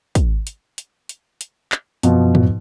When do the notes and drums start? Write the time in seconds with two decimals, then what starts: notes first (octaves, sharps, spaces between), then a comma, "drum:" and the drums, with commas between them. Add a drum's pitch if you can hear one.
0.15 drum: kick, hi-hat
0.47 drum: hi-hat
0.78 drum: hi-hat
1.09 drum: hi-hat
1.41 drum: hi-hat
1.72 drum: clap
2.03 F#2 B2 F3, drum: hi-hat
2.35 drum: tom G#2